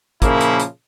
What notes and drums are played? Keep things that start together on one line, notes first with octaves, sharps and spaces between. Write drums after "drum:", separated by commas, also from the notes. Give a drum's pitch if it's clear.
A#2 C#3 F3 A#3 E4, drum: kick, hi-hat
drum: hi-hat
drum: hi-hat